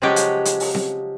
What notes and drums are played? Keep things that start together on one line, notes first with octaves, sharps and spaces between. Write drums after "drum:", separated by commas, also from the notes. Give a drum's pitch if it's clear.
C#3 F3 F#3 G#3 G4 C#5
drum: hi-hat
drum: hi-hat
drum: open hi-hat
drum: snare C4